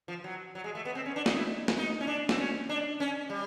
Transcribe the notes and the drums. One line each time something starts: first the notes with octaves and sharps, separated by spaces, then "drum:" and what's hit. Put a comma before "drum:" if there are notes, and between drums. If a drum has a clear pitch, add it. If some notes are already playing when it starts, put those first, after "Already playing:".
F3
F#3
F#3
G#3
A3
B3
C4
C#4
D4
D#4, drum: snare
E4
drum: snare
D#4
C#4
D4
C4, drum: snare
C#4
D4
C#4
G3